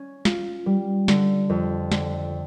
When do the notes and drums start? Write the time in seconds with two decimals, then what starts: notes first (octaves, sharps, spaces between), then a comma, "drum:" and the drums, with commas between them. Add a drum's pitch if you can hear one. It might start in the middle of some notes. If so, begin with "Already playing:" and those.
Already playing: C#4
0.25 F4, drum: snare
0.66 G3
1.08 D3, drum: snare
1.50 F2
1.92 D3, drum: snare